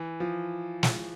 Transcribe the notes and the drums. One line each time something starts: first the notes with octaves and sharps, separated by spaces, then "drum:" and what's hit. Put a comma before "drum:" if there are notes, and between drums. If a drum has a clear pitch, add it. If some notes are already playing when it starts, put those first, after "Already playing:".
Already playing: E3
F3
drum: snare